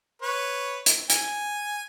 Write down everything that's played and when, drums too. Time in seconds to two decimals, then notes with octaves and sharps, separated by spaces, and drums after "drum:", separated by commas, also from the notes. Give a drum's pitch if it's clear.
0.22 B4 C#5
0.86 drum: hi-hat
1.10 G#5, drum: hi-hat